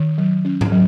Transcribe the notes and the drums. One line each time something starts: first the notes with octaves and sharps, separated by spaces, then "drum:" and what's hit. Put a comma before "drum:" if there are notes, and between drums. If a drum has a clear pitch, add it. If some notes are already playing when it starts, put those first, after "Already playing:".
Already playing: D#3
F#3
C#4
drum: tom G#2
F#3